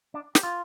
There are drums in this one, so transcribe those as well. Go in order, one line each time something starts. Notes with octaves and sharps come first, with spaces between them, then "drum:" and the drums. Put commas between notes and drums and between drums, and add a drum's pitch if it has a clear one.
D4
G4, drum: snare
F4